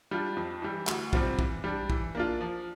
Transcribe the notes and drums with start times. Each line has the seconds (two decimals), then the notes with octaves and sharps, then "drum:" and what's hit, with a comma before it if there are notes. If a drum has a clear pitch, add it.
0.11 G3 D4 F4
0.37 F2
0.62 E3 G3
0.87 D2, drum: clap
1.13 C3 G3 C4 F4, drum: kick
1.39 E3, drum: kick
1.64 G3 D4
1.90 E3, drum: kick
2.15 A#3 D4 F4
2.41 F3